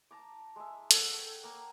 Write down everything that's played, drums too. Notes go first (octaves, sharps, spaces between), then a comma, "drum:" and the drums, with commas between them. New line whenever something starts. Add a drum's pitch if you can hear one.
A5 A#5 D6
G#3 E5
A4 C#5 F#5 G5, drum: hi-hat
A#3 A#5 D6